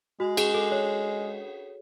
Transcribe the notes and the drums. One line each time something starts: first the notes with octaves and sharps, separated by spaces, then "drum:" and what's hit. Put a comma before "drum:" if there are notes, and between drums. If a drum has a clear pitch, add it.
G#3 F#4
G#4, drum: cymbal
A4
C#5